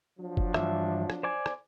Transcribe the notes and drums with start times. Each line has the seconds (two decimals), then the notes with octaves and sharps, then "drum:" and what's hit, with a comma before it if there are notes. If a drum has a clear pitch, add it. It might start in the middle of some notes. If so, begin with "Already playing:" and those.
0.19 F3 F#3 D4
0.37 drum: kick F#1
0.54 G2 E3 E5, drum: rim click
1.10 drum: rim click
1.23 C5 D5 G#5
1.46 drum: rim click